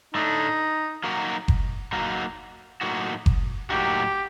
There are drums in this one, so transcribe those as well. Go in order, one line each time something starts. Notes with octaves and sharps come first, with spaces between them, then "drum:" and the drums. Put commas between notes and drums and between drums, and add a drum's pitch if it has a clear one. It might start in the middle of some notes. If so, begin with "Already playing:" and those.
A2 A3 D4 D#4
F#3 A#3 D#4 F#4 A#4
drum: kick F#1
F#3 A#3 D#4 F#4 A#4
A2 F#3 A#3 D#4 F#4
drum: kick F#1
A2 F#3 A#3 D#4 F#4 G4